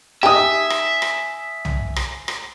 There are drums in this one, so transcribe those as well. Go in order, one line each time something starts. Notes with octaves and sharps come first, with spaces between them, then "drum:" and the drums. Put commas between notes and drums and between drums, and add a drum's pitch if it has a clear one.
D#4 G4 E5 G#5 D#6
drum: rim click
drum: rim click
drum: tom
drum: rim click
drum: rim click